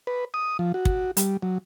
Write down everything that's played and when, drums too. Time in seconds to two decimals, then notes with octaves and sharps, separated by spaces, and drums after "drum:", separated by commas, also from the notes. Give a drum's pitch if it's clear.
0.07 B4
0.34 D#6
0.59 F3
0.74 F#4
0.85 drum: kick
1.17 G3, drum: hi-hat
1.42 F#3